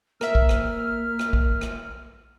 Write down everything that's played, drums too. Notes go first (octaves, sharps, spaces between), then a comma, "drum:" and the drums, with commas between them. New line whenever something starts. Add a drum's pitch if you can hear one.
A#3 A#4 E5 F6, drum: rim click
drum: kick A#1
drum: rim click
drum: rim click
drum: kick A#1
drum: rim click